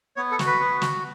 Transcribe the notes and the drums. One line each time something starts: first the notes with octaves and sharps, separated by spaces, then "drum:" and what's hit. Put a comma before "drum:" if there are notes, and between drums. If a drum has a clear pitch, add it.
B3 C#5
A4
F#4, drum: snare
B4
B3
F#4, drum: snare